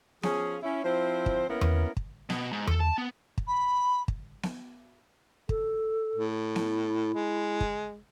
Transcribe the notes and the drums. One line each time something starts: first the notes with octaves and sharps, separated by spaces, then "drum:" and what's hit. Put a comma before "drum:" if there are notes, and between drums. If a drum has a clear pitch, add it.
F3 C#4 F4 G#4, drum: snare B3
C#4 E4
F3 C4 E4 C5
drum: kick
A#3 B3 C#4 E4 A#4
drum: tom E2
drum: kick
B2, drum: snare B3
G#2
A4, drum: tom E2
A5
B3
drum: kick
B5
drum: kick
drum: snare B3
A4, drum: kick
A2
E4, drum: snare B3
G#3
drum: kick